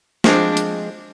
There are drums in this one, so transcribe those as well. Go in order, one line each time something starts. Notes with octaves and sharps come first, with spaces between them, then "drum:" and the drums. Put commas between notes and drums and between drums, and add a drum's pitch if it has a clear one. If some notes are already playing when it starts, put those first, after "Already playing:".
F3 G#3 C4 D4, drum: snare
drum: hi-hat